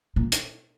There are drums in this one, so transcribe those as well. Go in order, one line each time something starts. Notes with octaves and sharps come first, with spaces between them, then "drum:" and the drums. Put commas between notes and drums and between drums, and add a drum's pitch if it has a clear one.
A#2
drum: hi-hat